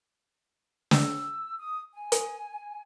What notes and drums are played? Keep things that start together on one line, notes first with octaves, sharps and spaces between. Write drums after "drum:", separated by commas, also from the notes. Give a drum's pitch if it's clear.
E6, drum: snare
D#6
G#5
drum: hi-hat